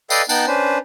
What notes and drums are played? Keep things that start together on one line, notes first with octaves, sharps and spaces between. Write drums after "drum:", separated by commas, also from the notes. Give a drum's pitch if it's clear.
A4 B4 D5 D#5 F5 G5, drum: tambourine
B3 D#4 G5 A5 F#6, drum: tambourine
C#4 D4 B4 C5